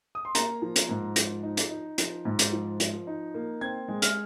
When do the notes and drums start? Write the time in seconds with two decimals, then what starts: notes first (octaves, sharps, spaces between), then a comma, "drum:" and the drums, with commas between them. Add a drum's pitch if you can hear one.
0.15 D#6
0.25 C6
0.35 A#3 A#5, drum: hi-hat
0.62 F3
0.76 drum: hi-hat
0.89 G#2
1.16 F3 A#6, drum: hi-hat
1.43 D#4
1.57 drum: hi-hat
1.71 D#4
1.98 F3, drum: hi-hat
2.25 G#2
2.39 drum: hi-hat
2.53 F3
2.80 F3, drum: hi-hat
3.07 D#4
3.34 A#3
3.61 C4 G#6
3.88 G#3
4.02 F6, drum: hi-hat